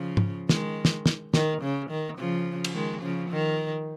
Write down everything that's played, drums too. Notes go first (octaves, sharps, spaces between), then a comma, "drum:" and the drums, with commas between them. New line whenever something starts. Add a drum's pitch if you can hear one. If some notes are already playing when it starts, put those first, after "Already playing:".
Already playing: C#3 F3
drum: tom G#2
D#3 G#3, drum: snare
drum: snare
drum: snare
D#3, drum: snare
C#3
D#3
C#3 F3
drum: cymbal
D#3 G#3
C#3 F3
D#3